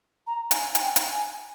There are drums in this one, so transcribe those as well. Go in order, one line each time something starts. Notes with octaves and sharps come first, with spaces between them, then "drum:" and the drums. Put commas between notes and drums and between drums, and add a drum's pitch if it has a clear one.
A#5
G#5, drum: hi-hat
G#5, drum: hi-hat
G5
drum: hi-hat
G#5